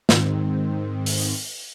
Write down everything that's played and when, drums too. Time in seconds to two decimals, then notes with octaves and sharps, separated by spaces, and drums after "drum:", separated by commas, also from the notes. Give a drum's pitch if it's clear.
0.09 G#2 D#3 C4, drum: snare
1.06 drum: open hi-hat